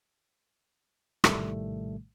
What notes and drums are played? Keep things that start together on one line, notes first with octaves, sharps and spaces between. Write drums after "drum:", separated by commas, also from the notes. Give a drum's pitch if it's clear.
A#1 A2 C3 D#3 G3 A3, drum: rim click